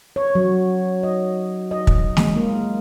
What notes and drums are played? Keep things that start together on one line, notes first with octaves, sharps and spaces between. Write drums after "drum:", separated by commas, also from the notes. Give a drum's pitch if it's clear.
C#5
F#3
D#5
D#5
drum: kick
G#3, drum: snare
A#3